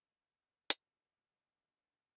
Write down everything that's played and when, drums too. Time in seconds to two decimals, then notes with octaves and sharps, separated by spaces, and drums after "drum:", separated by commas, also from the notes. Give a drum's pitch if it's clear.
0.05 A3
0.37 E4
0.70 A#2, drum: hi-hat
1.03 G4
1.37 D4
1.69 F4